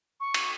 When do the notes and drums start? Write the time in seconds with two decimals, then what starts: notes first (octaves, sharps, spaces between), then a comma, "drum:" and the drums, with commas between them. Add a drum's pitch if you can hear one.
0.20 C#6
0.34 drum: cymbal